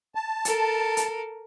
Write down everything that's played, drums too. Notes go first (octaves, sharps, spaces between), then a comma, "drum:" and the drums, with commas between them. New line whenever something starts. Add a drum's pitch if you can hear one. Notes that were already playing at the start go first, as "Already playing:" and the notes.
A5
A4 A#4, drum: hi-hat
drum: hi-hat